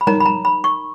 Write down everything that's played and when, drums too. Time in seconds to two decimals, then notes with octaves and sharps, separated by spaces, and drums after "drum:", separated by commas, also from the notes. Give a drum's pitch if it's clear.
0.01 B5
0.07 D#4 A#4 C#5 A#5, drum: tom G3
0.20 B5
0.26 A#5
0.45 B5
0.64 C#6